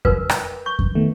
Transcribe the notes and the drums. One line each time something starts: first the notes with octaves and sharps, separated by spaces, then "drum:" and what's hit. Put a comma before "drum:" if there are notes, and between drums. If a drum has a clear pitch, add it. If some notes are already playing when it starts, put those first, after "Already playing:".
A#4 B4, drum: kick F2
drum: rim click
C#6 G6
drum: kick F2
D#3 A3 B3